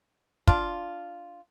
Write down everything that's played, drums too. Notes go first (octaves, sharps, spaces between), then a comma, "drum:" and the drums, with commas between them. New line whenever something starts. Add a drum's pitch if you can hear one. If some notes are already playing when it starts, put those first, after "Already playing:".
D4 F4, drum: kick